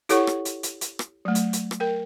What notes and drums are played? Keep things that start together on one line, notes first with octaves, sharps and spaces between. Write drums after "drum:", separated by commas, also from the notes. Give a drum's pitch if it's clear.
E4 G4 A4 C#5 F#5 C#6, drum: hi-hat
drum: rim click
drum: hi-hat
drum: hi-hat
drum: hi-hat
drum: rim click
F#3 A3
drum: hi-hat
drum: hi-hat
drum: rim click
A#4 G5